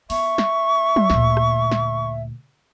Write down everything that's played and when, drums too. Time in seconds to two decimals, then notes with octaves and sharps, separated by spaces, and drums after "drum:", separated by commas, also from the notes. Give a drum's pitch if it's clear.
0.10 B3 E5 C#6, drum: open hi-hat
0.38 drum: snare
0.96 drum: tom
1.10 D2 A#2, drum: snare
1.37 drum: rim click
1.72 drum: snare